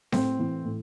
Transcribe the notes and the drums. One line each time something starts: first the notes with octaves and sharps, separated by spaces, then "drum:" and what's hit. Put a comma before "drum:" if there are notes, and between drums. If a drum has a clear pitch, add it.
A2 C4, drum: snare C4
E3
A2